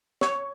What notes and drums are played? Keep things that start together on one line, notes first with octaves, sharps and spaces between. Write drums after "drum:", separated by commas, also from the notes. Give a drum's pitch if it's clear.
C#5, drum: snare